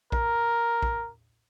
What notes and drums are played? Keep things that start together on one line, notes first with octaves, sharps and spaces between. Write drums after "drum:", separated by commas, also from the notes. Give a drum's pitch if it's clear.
A#4, drum: kick A#1
drum: kick A#1